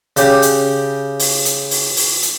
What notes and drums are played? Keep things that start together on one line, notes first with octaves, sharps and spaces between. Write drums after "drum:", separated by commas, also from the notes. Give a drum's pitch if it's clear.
C#3 G4, drum: hi-hat
drum: hi-hat
drum: open hi-hat
drum: hi-hat
drum: open hi-hat
drum: open hi-hat
drum: hi-hat